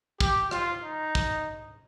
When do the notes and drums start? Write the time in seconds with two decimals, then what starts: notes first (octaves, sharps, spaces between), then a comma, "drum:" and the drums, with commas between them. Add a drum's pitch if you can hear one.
0.20 G4, drum: kick
0.51 F4, drum: rim click
0.83 D#4
1.15 drum: kick